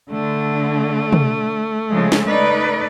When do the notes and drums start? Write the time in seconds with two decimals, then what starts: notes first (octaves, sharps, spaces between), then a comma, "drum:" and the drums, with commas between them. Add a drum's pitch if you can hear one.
0.11 D3 A3
1.13 drum: tom
1.90 C#3 F3 G#3
2.12 drum: snare
2.27 D#4 B4 D5